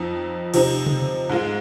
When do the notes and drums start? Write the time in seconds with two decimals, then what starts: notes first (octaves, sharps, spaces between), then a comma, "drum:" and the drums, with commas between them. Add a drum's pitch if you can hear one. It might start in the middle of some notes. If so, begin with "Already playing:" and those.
Already playing: F2 F3 C4 D#4
0.54 C3 F3 C4 D#4, drum: cymbal
0.86 drum: tom C3
1.29 G#2 G#3 F4